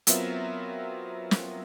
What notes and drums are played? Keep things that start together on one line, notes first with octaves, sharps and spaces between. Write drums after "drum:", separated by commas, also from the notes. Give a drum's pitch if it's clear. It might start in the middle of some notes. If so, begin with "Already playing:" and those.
F#3 B3 C4 F4 A#4 E5, drum: hi-hat
drum: snare